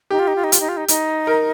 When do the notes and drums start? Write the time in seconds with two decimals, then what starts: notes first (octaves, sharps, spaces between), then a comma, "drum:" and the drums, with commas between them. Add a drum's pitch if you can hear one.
0.10 D#4 G4
0.19 F4
0.27 D#4
0.36 F4
0.44 D#4
0.52 F4, drum: hi-hat
0.60 D#4
0.69 F4
0.77 D#4
0.88 D#4, drum: hi-hat
1.27 A#4